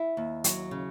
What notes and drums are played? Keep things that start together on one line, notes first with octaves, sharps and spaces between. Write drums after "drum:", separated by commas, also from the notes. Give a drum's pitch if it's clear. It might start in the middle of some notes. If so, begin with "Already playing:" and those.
Already playing: E4
D#2
F#3, drum: hi-hat
C#3